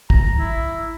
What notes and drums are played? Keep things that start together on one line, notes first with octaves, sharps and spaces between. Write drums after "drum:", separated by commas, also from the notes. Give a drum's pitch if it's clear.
A#5, drum: kick
E4